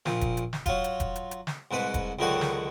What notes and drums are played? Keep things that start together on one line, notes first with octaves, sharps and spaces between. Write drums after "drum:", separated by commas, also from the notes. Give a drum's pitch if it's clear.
A#1 A#2, drum: snare
drum: kick E1, hi-hat
drum: hi-hat
drum: snare
F#3 F4, drum: kick E1, hi-hat
drum: hi-hat
drum: kick E1, hi-hat
drum: hi-hat
drum: hi-hat
drum: snare
C2 G#2 B4 F#5
drum: kick E1, hi-hat
C#2 F#2 D3 D#3 F#4 F#5
drum: snare